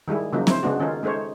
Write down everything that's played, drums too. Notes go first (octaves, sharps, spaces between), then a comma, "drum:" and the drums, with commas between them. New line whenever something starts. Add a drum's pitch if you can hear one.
D#3 G3 G#3 E4
C#3 F3 F#3 A#3 D#4
E4 C5, drum: snare C4
C#3 G#3 B3 D4 F#4
D#3 C#4 D#4 F4 A4
G#3 A3 D#4 C5 C#5